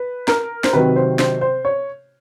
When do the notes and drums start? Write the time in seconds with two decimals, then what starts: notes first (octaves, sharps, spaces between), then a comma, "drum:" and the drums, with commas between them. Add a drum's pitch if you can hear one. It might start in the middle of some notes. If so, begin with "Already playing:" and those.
Already playing: B4
0.28 A#4, drum: snare
0.64 C5, drum: snare
0.73 C3 D#3 F#3 B4
0.96 C5
1.19 C5, drum: snare
1.41 C5
1.65 C#5